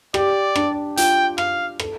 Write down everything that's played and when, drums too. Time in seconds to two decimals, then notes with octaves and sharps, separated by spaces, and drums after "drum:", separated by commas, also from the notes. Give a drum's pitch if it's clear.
0.14 G4 D5, drum: rim click
0.56 D4, drum: rim click
0.97 F4 G5, drum: hi-hat
1.38 F5, drum: rim click
1.79 A4, drum: rim click